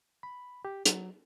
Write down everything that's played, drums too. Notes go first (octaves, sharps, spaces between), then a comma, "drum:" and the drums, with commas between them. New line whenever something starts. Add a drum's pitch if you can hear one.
B5
G4
F#3, drum: hi-hat